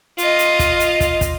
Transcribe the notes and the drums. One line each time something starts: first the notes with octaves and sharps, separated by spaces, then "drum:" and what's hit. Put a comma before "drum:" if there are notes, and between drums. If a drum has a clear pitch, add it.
F4 D#5, drum: hi-hat
drum: hi-hat
drum: kick, hi-hat
drum: hi-hat
drum: kick, hi-hat
drum: kick, hi-hat